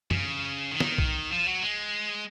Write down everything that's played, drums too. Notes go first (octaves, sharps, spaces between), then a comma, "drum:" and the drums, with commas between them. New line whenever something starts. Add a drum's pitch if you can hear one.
C#3, drum: tom
D#3
drum: snare
drum: kick
F3
F#3
G#3